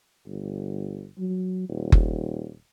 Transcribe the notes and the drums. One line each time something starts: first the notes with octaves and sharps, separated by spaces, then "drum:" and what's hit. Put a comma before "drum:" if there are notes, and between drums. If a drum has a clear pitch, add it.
G1
F#3
D#1
drum: kick F#1